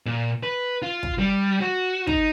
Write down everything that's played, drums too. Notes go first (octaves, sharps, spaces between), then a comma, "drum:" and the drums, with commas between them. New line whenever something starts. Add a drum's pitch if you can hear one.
A#2
B4
F4
drum: kick
G3
F#4
D#4, drum: kick